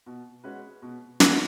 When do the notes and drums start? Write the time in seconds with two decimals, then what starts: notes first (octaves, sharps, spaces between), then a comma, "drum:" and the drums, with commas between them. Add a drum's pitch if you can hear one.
0.06 B2
0.44 G#3 C#4 F#4 B4
0.82 B2
1.20 G#3 C#4 F#4 B4, drum: snare